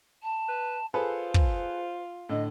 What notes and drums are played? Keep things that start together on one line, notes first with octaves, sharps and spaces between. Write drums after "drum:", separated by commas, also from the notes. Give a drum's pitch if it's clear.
A5
B4
F4 G#4 A4 B4 C5
drum: kick
A2 D3 D#5